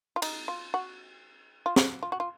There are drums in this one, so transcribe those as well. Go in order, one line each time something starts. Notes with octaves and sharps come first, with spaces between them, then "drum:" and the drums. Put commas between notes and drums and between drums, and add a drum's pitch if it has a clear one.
F4
D#4, drum: cymbal
F4
F#4
F4
F#4, drum: snare
F4
F#4
F4